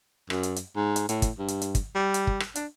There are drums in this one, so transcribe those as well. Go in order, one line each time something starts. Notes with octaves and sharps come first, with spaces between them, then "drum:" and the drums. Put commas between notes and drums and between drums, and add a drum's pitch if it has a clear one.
F#2, drum: rim click
drum: hi-hat
drum: hi-hat
G#2
drum: hi-hat
A2, drum: hi-hat
drum: kick, hi-hat
G2
drum: hi-hat
drum: hi-hat
drum: kick, hi-hat
G3
drum: hi-hat
drum: kick
drum: rim click
D4, drum: hi-hat